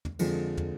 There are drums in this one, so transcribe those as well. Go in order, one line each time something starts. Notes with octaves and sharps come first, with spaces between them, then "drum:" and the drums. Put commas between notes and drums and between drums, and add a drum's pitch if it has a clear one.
drum: tom
F2 D3 F3 G#3, drum: cymbal
drum: tom